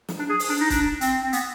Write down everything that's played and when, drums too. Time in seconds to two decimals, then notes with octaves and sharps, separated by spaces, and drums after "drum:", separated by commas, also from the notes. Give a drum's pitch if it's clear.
0.08 drum: snare
0.19 D4
0.30 G#4
0.39 drum: open hi-hat
0.49 D4
0.61 D#4
0.70 D4, drum: kick C#1, hi-hat
1.01 C4, drum: hi-hat
1.23 C4
1.33 B3, drum: hi-hat